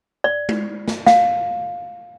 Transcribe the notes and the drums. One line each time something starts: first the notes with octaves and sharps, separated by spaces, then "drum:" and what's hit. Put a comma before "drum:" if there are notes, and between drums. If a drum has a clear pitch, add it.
D5
drum: tom G#3
drum: snare
F5, drum: snare